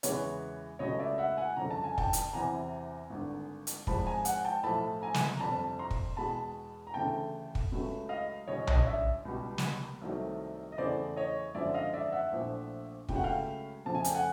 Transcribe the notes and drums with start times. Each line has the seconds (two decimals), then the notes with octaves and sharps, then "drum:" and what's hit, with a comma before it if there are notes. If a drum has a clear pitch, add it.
0.03 E2 C#3 E3 G#3 B4 C#5, drum: hi-hat
0.79 C#2 C#3 F#3 A3 C#5 D#5
0.99 D5 E5
1.18 E5 F#5
1.37 F#5 G#5
1.56 G1 F2 C#3 A#5
1.71 A5
1.84 G#5
1.98 G5 A5, drum: kick
2.13 drum: hi-hat
2.33 E2 C3 E3 G#5 A#5
3.10 G#1 G2 D3
3.67 drum: hi-hat
3.87 G#1 G#2 F3 G#3 A5 B5, drum: kick
4.06 G#5 A#5
4.25 F#5 G#5, drum: hi-hat
4.45 G5 A5
4.63 B1 A2 F3 A3 A5 B5
5.02 G#5 A#5
5.14 drum: snare
5.36 A#5
5.41 G1 F2 C3 A5 B5
5.79 A#5 C6
5.91 drum: kick
6.17 E2 B2 G#3 A5 B5
6.87 A#5
6.94 D2 C#3 E3 A3 G5 A5
7.55 drum: kick
7.72 C#2 C#3 F#3 A3
8.09 D#5 F5
8.48 G1 F#2 C#3 C#5 D#5
8.67 C#5 D#5, drum: tom B1
8.87 D5 E5
9.25 C#2 B2 G3
9.58 drum: snare
10.02 C2 C3 D#3 F#3 A3
10.72 D#5
10.78 E2 C#3 E3 A3 C5 D5
11.16 C#5 D#5
11.55 G#1 F#2 D3 F3 D5 E5
11.74 D#5 F5
11.93 D5 E5
12.12 E5 F#5
12.32 A#1 A#2 F3 A3
13.09 C#2 C#3 F#3 A3 G5, drum: kick
13.16 F#5
13.24 F5 G5
13.86 F2 C#3 F3 A3 A5
13.95 G#5
14.04 G5, drum: hi-hat
14.15 F#5 G#5